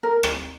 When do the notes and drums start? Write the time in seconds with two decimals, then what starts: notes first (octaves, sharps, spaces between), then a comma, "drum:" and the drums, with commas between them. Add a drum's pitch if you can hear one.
0.03 A#4
0.23 drum: rim click